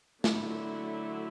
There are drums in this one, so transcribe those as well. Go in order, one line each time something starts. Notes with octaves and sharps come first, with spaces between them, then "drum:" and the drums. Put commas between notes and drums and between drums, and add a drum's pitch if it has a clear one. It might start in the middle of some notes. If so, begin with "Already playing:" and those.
D3 F#3 A3 E4, drum: snare